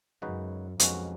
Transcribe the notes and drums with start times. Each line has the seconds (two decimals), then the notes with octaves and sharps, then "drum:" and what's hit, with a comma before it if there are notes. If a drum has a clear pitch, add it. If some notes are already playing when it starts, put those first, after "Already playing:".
0.22 F#2 C#3 G#3 D#4 F#4 B4
0.80 B1 F2 B2 G#3 C#4 F#4, drum: hi-hat